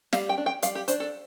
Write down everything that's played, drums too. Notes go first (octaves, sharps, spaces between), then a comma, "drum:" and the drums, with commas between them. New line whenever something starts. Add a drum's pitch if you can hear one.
G3 F5, drum: snare
G5
D4
G5
G3 F5, drum: hi-hat
G4
D4 C5, drum: hi-hat
A4